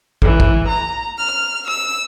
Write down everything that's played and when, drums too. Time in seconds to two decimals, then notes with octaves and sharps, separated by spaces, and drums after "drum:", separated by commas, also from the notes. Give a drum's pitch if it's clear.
0.22 E3, drum: kick
0.40 drum: kick
0.68 A#5
1.18 F6
1.66 E6